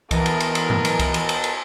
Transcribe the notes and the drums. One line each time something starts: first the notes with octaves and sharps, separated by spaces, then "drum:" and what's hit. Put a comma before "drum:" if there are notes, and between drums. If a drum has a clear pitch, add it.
E3 B3 A#4 D#5 A5, drum: kick C2, cymbal
drum: cymbal
drum: cymbal
drum: cymbal
drum: tom G2
drum: cymbal
drum: kick C2, cymbal
drum: cymbal
drum: cymbal
drum: cymbal